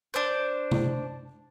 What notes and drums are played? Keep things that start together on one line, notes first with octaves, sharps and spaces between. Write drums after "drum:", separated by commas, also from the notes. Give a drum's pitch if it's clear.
D4 C5
drum: tom C3